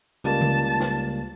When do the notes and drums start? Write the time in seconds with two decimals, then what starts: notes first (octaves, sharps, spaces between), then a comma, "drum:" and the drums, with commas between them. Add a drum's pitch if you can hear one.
0.24 C#2 G3 A#3 A5
0.41 drum: tom C#3
0.80 drum: snare